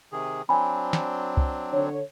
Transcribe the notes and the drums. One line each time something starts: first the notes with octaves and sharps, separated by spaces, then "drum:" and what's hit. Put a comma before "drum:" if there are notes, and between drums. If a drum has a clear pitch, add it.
C3 D#3 G#4
F#3 C4 D4 G#5 B5
drum: snare
drum: kick
D3 C#5